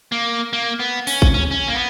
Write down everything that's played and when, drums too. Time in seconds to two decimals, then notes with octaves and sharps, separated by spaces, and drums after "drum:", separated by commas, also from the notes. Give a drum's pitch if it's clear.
0.12 A#3
0.53 A#3
0.79 B3
1.07 C#4, drum: open hi-hat
1.22 drum: kick A1
1.34 C#4
1.51 C#4
1.68 A#3
1.75 B3